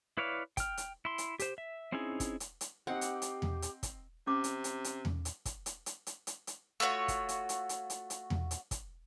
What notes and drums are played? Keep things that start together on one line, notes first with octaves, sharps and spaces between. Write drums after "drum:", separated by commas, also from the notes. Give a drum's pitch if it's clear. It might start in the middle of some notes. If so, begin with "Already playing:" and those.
E4 B4 C#5 D5 F5
G5 F6, drum: kick, hi-hat
drum: hi-hat
E4 C6
drum: hi-hat
G4 C5, drum: hi-hat
E5
C4 C#4 D#4 E4 G#4
drum: kick, hi-hat
drum: hi-hat
drum: hi-hat
C4 D#4 G4 F#5
drum: hi-hat
drum: hi-hat
drum: tom E2
drum: hi-hat
drum: kick, hi-hat
C3 C#4 D6
drum: hi-hat
drum: hi-hat
drum: hi-hat
drum: tom E2
drum: hi-hat
drum: kick, hi-hat
drum: hi-hat
drum: hi-hat
drum: hi-hat
drum: hi-hat
drum: hi-hat
A3 F4 F#4 C#5
drum: kick, hi-hat
drum: hi-hat
drum: hi-hat
drum: hi-hat
drum: hi-hat
drum: hi-hat
drum: tom E2
drum: hi-hat
drum: kick, hi-hat